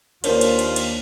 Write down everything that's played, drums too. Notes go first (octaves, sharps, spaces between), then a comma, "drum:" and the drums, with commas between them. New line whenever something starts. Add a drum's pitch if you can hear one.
D#2 D4 F4 A#4 C5 C#5, drum: cymbal
drum: cymbal
drum: cymbal
drum: cymbal